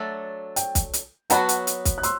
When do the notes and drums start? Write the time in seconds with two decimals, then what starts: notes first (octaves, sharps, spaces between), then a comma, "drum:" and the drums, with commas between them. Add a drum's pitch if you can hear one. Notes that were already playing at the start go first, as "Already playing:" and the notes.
Already playing: F#3 A3 D4 A4
0.56 G5, drum: hi-hat
0.75 drum: kick, hi-hat
0.93 drum: hi-hat
1.30 F#3 B3 F#4 F#5 A5, drum: hi-hat
1.49 drum: hi-hat
1.67 drum: hi-hat
1.85 drum: kick, hi-hat
1.98 F#6
2.03 C6 E6, drum: hi-hat